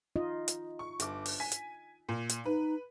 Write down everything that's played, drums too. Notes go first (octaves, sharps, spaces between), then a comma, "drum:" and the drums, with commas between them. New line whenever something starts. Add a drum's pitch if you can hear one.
D#4 F4 D#5
drum: hi-hat
C#6
G1 D6, drum: hi-hat
drum: open hi-hat
G#5 B6
drum: hi-hat
A#2
drum: hi-hat
D#4 B4